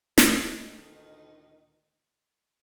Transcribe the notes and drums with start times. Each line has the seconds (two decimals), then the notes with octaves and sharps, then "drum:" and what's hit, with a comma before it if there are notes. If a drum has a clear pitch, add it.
0.18 D2 A#2 D#3 D#4, drum: snare